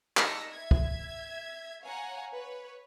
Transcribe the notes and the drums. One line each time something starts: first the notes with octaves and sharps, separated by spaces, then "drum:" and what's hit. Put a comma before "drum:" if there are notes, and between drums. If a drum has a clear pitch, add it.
D#4 D5 E6 A#6 B6 C#7, drum: clap
E5 G#6
drum: kick
C#5 F5 F#5 G#5 A#5
B4 C#5